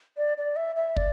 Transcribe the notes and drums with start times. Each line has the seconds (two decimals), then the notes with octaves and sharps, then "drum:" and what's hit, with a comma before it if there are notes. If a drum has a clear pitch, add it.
0.17 D5
0.38 D5
0.56 E5
0.76 E5
0.96 D5, drum: kick